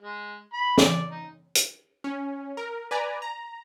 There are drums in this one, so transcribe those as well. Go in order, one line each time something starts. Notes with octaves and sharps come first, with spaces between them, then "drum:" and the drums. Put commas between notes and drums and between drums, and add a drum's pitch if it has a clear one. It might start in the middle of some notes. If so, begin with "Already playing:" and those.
G#3
B5
D5, drum: snare
D#4
drum: hi-hat
C#4
A#4
B4 D5 G#5 A#5
A#5